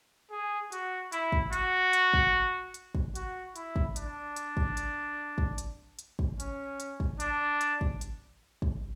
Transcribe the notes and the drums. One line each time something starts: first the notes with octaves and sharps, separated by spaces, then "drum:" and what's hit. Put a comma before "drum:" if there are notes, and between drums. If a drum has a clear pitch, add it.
G#4
F#4, drum: hi-hat
E4, drum: hi-hat
drum: kick
F#4, drum: hi-hat
drum: hi-hat
drum: kick
drum: hi-hat
drum: kick
F#4, drum: hi-hat
E4, drum: hi-hat
drum: kick
D4, drum: hi-hat
drum: hi-hat
drum: kick
drum: hi-hat
drum: kick
drum: hi-hat
drum: hi-hat
drum: kick
C#4, drum: hi-hat
drum: hi-hat
drum: kick
D4, drum: hi-hat
drum: hi-hat
drum: kick
drum: hi-hat
drum: kick